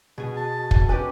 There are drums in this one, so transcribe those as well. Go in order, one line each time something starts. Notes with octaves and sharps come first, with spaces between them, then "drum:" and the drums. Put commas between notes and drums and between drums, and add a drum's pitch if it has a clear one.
B2 G#4 G#5
A5
drum: kick
C#4 G4 B4 G#5